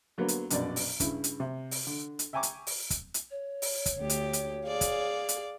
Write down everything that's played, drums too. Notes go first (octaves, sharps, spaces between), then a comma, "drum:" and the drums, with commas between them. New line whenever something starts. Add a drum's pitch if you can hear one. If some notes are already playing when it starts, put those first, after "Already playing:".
D3 F#3 A#3 B3
drum: hi-hat
A#1 F#2 B2 D5, drum: hi-hat
drum: open hi-hat
G2 C#3 E4 B5, drum: kick, hi-hat
drum: hi-hat
C3
drum: open hi-hat
D3
drum: hi-hat
E5 G5 G#5 A#5 C#6 D6
drum: hi-hat
drum: open hi-hat
drum: kick, hi-hat
drum: hi-hat
C#5
drum: open hi-hat
drum: kick, hi-hat
D2 G4
drum: hi-hat
drum: hi-hat
G#4 D5 F5
drum: kick, hi-hat
drum: hi-hat